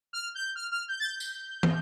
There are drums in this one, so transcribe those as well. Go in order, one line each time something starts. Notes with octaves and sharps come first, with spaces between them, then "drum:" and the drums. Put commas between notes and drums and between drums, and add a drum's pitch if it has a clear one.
F6
G6
F6
F6
G6
A6
G6
drum: tambourine
drum: tom